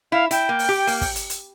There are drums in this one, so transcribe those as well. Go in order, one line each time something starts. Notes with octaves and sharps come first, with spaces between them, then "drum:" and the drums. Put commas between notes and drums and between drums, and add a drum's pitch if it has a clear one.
E4 F5
E4 G5, drum: hi-hat
A#3
drum: open hi-hat
G4
A#3, drum: open hi-hat
drum: kick, open hi-hat
drum: hi-hat
drum: hi-hat